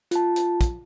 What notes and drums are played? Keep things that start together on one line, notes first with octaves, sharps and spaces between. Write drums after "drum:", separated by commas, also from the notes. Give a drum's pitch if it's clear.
F4 A5, drum: hi-hat
drum: hi-hat
drum: kick, hi-hat